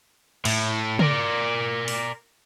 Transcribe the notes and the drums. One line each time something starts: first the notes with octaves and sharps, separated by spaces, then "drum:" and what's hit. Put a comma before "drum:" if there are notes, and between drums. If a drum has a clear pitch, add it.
A2, drum: cymbal
A#4 D5, drum: tom C#3
drum: open hi-hat